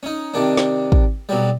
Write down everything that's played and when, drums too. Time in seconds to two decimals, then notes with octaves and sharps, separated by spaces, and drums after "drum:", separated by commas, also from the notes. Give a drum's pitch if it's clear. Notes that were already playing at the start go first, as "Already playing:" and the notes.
0.03 C#4 D#4
0.34 C3 D#3 D4
0.57 drum: snare
0.92 drum: kick
1.29 B1 F#3 G3